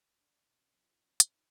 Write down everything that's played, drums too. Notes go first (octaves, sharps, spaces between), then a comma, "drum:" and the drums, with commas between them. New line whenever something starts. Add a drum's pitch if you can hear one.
D4
B2
C#4
F3
D#4
C#4
C#4, drum: hi-hat
D#4